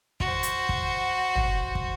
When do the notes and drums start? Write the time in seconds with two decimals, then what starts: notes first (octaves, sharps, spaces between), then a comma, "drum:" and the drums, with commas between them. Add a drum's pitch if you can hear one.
0.20 F#4 C5, drum: kick
0.43 drum: hi-hat
0.69 drum: kick
1.35 drum: tom
1.75 drum: kick